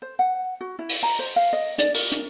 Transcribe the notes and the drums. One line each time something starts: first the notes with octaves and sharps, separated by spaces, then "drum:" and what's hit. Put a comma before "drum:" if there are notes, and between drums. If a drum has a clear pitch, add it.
C5
F#5
F#4
E4
drum: open hi-hat
A#5
C5
F5
D#5
D5, drum: hi-hat
A#4, drum: open hi-hat
drum: hi-hat